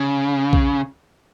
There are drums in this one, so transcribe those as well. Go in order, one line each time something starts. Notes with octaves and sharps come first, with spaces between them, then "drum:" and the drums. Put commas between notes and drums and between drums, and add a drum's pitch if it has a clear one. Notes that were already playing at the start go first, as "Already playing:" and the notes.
Already playing: C#3
drum: kick A#1